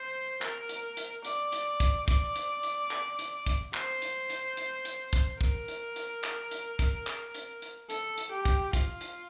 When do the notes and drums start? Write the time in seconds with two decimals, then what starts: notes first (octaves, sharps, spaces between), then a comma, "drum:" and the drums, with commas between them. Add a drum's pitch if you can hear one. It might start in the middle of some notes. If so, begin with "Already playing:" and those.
Already playing: C5
0.42 A#4, drum: clap
0.69 drum: hi-hat
0.97 drum: hi-hat
1.25 D5, drum: hi-hat
1.52 drum: hi-hat
1.80 drum: kick, hi-hat
2.08 D5, drum: kick, hi-hat
2.36 drum: hi-hat
2.63 drum: hi-hat
2.91 drum: clap
3.19 drum: hi-hat
3.46 drum: kick, hi-hat
3.74 C5, drum: clap
4.02 drum: hi-hat
4.30 drum: hi-hat
4.57 drum: hi-hat
4.85 drum: hi-hat
5.13 drum: kick, hi-hat
5.41 A#4, drum: kick
5.68 drum: hi-hat
5.96 drum: hi-hat
6.24 drum: clap
6.51 drum: hi-hat
6.79 drum: kick, hi-hat
7.07 drum: clap
7.35 drum: hi-hat
7.62 drum: hi-hat
7.90 A4, drum: hi-hat
8.18 drum: hi-hat
8.32 G4
8.45 drum: kick, hi-hat
8.73 F4, drum: kick, hi-hat
9.01 drum: hi-hat